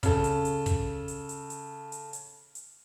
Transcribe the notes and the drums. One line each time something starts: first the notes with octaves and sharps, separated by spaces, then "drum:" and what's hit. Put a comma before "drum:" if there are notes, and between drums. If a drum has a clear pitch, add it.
C#3 A4, drum: kick, hi-hat
drum: hi-hat
drum: hi-hat
drum: kick, hi-hat
drum: hi-hat
drum: hi-hat
drum: hi-hat
drum: hi-hat
drum: hi-hat
drum: hi-hat